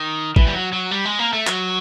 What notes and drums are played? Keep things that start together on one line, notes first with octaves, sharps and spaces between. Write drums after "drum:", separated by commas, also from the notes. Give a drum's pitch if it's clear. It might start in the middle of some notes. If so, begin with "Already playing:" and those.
Already playing: D#3
E3, drum: kick
G3
F#3
F#3
G3
G#3
A#3
A3
F#3, drum: clap